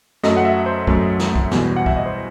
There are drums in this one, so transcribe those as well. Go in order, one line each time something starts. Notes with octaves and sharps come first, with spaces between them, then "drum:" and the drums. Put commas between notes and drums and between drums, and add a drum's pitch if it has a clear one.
F#2 F#3 A3 D#5, drum: snare
F#5
E5
C5
F#2 F#3 A3, drum: kick B1
drum: snare
drum: kick B1
E2 B2 G3, drum: snare
F#5
E5, drum: kick B1
D#5
C5